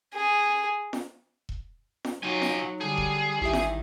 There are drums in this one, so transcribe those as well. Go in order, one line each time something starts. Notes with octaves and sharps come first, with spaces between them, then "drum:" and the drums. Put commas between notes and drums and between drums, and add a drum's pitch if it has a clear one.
G#4
drum: snare
drum: kick E1
drum: snare
F#3 D#4 F4 G#5
drum: snare
D3 G3 G#4 A5
drum: kick E1
G#1 D#3 E4 G4 E5
drum: snare